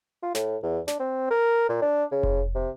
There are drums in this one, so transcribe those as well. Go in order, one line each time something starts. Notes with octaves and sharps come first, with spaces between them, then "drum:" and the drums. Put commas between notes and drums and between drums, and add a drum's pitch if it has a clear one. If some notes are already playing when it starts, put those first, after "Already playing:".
F4
A2, drum: snare
E2
D4, drum: snare
C4
A#4
A#2
D4
C#3
drum: kick F1
C3